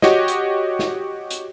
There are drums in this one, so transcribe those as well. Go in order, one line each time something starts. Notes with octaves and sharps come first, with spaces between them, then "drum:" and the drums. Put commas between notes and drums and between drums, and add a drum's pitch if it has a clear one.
F#4 G4 C#5 D#5, drum: snare
drum: hi-hat
drum: snare
drum: hi-hat